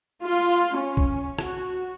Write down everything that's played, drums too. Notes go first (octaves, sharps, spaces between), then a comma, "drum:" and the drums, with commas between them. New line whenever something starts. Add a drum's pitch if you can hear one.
F4
C#4
drum: kick A#1
F#4, drum: rim click